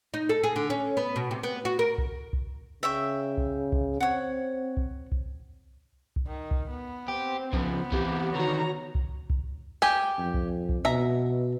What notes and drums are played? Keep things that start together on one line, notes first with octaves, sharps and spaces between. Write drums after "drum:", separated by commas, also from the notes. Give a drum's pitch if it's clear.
D#4
A4
G#4
D3
C#4
B3
B2
C3
B3
F#4
A#4
drum: kick B1
drum: kick B1
C#3 E5 G5 C#6
drum: kick B1
drum: kick B1
C4 C#5 F#5
drum: kick B1
drum: kick B1
drum: kick B1
D#3
drum: kick B1
B3
C4 G4
C#3 F3 B3, drum: kick B1
E3 C4 G4, drum: kick B1
D3 D#3 F#4 C#5 A#5
drum: kick B1
drum: kick B1
G4 G5 G#5
F2
drum: kick B1
drum: kick B1
B2 E5 A#5